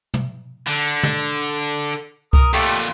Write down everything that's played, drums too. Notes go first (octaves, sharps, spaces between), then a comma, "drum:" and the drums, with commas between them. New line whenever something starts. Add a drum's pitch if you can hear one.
drum: tom
D3
drum: tom
A#4 D#6, drum: kick C2
F2 A#2 A3 G4